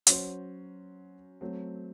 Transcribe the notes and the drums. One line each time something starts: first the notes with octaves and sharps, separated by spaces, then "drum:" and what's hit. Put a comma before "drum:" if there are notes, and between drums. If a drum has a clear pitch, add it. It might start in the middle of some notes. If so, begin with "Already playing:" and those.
F#3 C#4 F#4 C5, drum: hi-hat
F#3 A3 C4